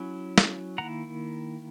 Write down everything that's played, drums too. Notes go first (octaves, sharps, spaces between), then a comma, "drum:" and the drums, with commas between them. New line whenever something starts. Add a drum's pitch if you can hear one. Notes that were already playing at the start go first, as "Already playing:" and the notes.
Already playing: F#3 C#4 E4
drum: snare
D#3 A#3 E4 F#5 A#5